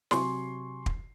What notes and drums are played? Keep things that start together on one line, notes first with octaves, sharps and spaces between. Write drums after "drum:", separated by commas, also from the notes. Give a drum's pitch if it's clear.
C3 F#3 G#5 C6 C#6, drum: snare
drum: kick